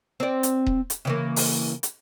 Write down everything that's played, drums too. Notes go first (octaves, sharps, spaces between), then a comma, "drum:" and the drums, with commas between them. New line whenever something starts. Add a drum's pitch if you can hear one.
C4 D5
drum: hi-hat
drum: kick D#1
drum: hi-hat
C#3 E3 A#3
drum: open hi-hat
drum: hi-hat